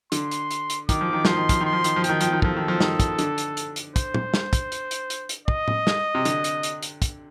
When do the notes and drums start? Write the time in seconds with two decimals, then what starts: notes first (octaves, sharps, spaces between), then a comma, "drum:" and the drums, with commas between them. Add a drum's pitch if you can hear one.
0.12 D3 C6, drum: hi-hat
0.31 drum: hi-hat
0.51 drum: hi-hat
0.70 drum: hi-hat
0.89 D#3 D6, drum: kick, hi-hat
1.01 F3
1.13 D#3
1.25 F3 C6, drum: snare
1.37 D#3
1.49 F3, drum: kick, hi-hat
1.61 D#3 C6
1.73 F3
1.84 D#3, drum: hi-hat
1.96 F3
2.04 D#3 G5, drum: hi-hat
2.21 F3, drum: hi-hat
2.33 D#3
2.42 F3 A4, drum: kick
2.57 D#3
2.68 F3
2.81 D#3, drum: snare
3.00 drum: kick, hi-hat
3.19 D3, drum: hi-hat
3.38 drum: hi-hat
3.57 drum: hi-hat
3.76 drum: hi-hat
3.96 C5, drum: kick, hi-hat
4.14 drum: tom
4.34 drum: snare
4.53 drum: kick, hi-hat
4.72 drum: hi-hat
4.91 drum: hi-hat
5.10 drum: hi-hat
5.29 drum: hi-hat
5.48 D#5, drum: kick
5.68 drum: tom A2
5.87 drum: snare
6.15 C3
6.25 D3, drum: hi-hat
6.44 drum: hi-hat
6.63 drum: hi-hat
6.83 drum: hi-hat
7.02 drum: kick, hi-hat